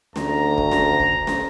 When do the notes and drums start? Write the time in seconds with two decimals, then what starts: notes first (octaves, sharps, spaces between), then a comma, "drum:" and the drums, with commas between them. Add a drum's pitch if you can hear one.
0.16 D2 A#5, drum: snare
0.58 drum: kick
0.72 drum: snare
0.99 drum: kick
1.27 drum: snare